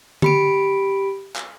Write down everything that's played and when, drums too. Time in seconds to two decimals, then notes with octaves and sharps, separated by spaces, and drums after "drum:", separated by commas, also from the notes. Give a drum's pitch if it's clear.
0.22 G4 B5 D7, drum: tom D3
1.36 drum: clap